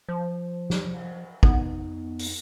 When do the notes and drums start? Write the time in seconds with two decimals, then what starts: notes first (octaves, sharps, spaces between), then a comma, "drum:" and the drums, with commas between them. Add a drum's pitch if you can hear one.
0.09 F3 C5
0.70 drum: snare
0.93 drum: cymbal
1.43 F2 B3 D#4, drum: kick
2.19 drum: open hi-hat